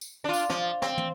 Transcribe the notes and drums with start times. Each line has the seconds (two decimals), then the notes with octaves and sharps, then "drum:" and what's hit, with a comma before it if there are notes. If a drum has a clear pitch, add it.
0.01 drum: tambourine
0.24 D4 F4
0.33 drum: tambourine
0.49 F3, drum: snare
0.82 C4, drum: snare
0.98 drum: tom